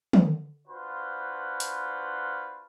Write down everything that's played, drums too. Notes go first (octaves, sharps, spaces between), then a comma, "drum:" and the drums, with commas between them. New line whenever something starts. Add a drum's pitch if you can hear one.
drum: tom
D4 F4 F#4 B4 C5
drum: hi-hat